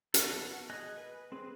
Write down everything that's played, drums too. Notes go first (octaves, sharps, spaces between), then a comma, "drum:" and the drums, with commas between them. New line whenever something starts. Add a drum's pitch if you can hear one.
B3 F#4 A4, drum: hi-hat
G#4 D#5 G#5 F#6
B4
C4 G#4 B4